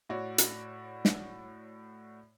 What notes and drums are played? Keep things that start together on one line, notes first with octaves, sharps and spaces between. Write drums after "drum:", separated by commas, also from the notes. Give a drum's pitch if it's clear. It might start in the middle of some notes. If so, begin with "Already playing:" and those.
A2 F#4 C#5 D5
drum: hi-hat
drum: snare